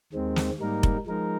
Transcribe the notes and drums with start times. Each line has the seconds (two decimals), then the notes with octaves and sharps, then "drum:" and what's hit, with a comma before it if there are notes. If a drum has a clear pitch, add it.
0.13 D#2 D#3 G#3 C4
0.36 drum: snare
0.60 G#2 G3 A#3 D#4 A#4
0.83 drum: kick F1
1.06 F3 G#3 D#4 A#4